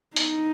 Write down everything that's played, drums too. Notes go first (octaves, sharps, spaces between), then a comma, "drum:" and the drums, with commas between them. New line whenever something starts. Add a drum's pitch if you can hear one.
D#4, drum: hi-hat